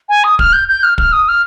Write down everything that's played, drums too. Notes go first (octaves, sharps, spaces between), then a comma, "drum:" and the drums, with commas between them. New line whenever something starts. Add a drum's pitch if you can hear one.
G#5
D#6
F6, drum: kick
G6
G6
F6
F6, drum: kick
D#6
F6